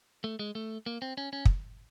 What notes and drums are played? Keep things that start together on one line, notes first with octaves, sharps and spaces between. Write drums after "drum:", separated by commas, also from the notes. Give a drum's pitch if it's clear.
A3
G#3
A3
A#3
C4
C#4
C#4
drum: kick